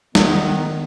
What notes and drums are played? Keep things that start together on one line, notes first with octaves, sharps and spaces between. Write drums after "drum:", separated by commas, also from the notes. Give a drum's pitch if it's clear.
D#3 B3, drum: snare